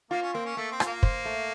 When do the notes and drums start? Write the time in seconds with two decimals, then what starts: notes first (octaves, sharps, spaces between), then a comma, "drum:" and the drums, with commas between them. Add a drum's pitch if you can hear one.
0.11 A#3 F4
0.23 C#4
0.34 A#3 C4
0.46 C#4
0.57 A3 A#3
0.72 C4
0.80 F4, drum: rim click
0.87 A#3
1.03 C5, drum: kick
1.25 A3